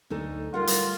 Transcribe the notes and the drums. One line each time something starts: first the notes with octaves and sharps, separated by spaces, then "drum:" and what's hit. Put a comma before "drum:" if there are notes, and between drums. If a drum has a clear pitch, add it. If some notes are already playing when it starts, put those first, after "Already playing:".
D2 D#4 A4
G3 F4 A#4 F#5
drum: hi-hat